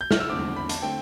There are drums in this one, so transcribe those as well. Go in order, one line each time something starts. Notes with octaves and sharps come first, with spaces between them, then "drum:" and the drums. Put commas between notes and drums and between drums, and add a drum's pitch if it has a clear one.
G6
F6, drum: snare
E6
E2 D3 A3 C4 D6
B5
A5, drum: hi-hat
D3 A3 C4 G5